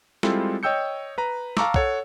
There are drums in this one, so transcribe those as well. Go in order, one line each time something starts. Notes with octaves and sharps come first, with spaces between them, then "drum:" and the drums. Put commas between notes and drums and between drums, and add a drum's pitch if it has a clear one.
G3 G#3 C4 E4 F4 A4, drum: snare
C#5 D#5 G5 E6 G6 C#7
B4 A#5
F5 A5 A#5 C#6 D6 E6, drum: snare
A4 C#5 F#5, drum: kick